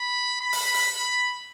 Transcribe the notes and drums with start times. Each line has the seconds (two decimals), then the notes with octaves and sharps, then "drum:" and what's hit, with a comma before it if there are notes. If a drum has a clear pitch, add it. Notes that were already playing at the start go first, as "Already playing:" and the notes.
Already playing: B5
0.41 B5
0.53 drum: open hi-hat
0.74 drum: open hi-hat